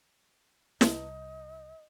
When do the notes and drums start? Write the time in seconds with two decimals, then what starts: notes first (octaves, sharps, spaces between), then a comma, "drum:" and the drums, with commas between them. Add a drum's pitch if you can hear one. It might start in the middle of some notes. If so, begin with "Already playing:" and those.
0.81 C2 D#5, drum: snare